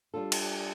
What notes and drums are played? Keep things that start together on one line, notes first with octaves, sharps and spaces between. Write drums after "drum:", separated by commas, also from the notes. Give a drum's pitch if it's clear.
G3 D4 F4 A4
drum: cymbal